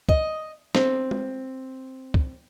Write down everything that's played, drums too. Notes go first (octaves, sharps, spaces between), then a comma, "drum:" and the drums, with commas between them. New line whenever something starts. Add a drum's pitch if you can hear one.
D#5, drum: kick C#2
C4, drum: snare
drum: tom
drum: kick C#2